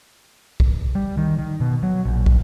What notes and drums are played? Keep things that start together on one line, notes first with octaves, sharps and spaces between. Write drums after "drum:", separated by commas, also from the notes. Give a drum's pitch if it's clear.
drum: kick
G3
D#3
D#3
B2
F#3
A#1
drum: kick